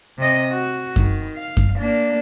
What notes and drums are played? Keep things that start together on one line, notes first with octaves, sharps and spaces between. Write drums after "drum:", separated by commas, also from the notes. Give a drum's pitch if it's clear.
C3 D#5
F#4
D#3, drum: kick F#2
F5
drum: kick F#2
A#3 D4